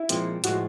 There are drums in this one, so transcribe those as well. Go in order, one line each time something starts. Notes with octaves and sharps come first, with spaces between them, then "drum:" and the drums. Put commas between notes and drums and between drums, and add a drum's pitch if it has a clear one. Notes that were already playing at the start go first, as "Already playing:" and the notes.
Already playing: E4
A#2 F3 G#3 C4, drum: hi-hat
A2 F3 G#3 F#4, drum: hi-hat